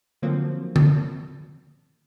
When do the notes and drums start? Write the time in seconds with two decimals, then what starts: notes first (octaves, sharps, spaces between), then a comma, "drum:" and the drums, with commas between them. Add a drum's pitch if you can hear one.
0.22 D3 F3 F#3 A#3 C4
0.76 drum: tom D3